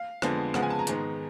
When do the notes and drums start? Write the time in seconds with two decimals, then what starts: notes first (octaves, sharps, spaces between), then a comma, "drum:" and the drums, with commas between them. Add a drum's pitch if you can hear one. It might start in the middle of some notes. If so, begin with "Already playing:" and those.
Already playing: F5
0.22 F2 D3 F3 G#3 B3, drum: rim click
0.54 C#3 F3 G#3 B3 F#5, drum: rim click
0.63 G#5
0.70 A5
0.79 A#5
0.87 G#2 D#3 G#3 B3, drum: hi-hat